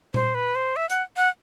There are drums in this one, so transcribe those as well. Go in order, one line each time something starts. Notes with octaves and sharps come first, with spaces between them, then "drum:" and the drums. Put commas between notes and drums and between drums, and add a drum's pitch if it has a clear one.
C5, drum: tom A#2
B4
C5
E5
F#5, drum: hi-hat
F#5